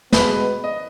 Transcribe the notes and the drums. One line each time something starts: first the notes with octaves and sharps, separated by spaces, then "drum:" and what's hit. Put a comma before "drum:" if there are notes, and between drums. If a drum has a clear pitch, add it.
B2 G#3 B3 B4, drum: snare
D#5